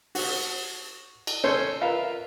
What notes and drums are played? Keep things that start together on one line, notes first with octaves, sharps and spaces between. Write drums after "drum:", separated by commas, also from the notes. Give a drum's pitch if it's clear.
F#4, drum: open hi-hat
drum: cymbal
C#4 A4 C5 C#5
F4 A#4 B4 E5 F5